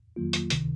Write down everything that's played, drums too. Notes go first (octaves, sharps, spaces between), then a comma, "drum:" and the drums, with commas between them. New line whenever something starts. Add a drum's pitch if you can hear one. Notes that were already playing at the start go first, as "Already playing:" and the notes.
F2 D#3 F#3 A#3 F4
drum: hi-hat
C#2 C3 D#3, drum: hi-hat